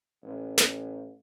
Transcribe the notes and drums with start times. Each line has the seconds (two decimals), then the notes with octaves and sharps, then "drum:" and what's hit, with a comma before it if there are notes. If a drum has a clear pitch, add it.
0.23 A1
0.58 drum: snare